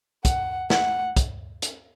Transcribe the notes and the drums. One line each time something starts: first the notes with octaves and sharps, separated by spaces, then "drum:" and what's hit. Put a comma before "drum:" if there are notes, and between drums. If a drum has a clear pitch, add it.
F#5, drum: kick, hi-hat
F#5, drum: snare
drum: kick, hi-hat
drum: hi-hat